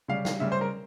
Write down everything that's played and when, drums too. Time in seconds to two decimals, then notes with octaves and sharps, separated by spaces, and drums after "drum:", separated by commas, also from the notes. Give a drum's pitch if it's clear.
0.08 C#3 G3 F5
0.25 F5, drum: snare
0.40 C#3 G3 E5
0.52 C5
0.61 A#4